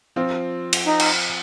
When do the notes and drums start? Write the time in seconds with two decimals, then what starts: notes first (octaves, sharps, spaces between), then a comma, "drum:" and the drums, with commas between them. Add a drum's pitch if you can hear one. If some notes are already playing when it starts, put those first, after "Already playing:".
0.16 F3 C4 F4
0.73 drum: cymbal
0.84 D#4
1.00 drum: cymbal